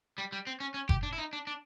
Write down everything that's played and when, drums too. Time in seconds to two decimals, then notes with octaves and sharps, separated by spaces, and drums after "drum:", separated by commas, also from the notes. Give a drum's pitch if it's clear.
0.18 G3
0.32 G3
0.47 C4
0.60 C#4
0.74 C#4
0.89 G4, drum: kick F#1
1.03 D4
1.13 E4
1.18 D#4
1.33 D4
1.47 D4